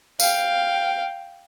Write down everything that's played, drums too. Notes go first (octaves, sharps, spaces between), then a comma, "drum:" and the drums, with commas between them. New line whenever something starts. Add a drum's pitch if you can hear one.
F5 G5, drum: tambourine